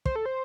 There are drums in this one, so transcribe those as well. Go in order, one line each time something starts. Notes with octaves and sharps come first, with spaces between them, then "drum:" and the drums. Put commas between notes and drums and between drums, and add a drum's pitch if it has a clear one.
C5, drum: kick
A4
C5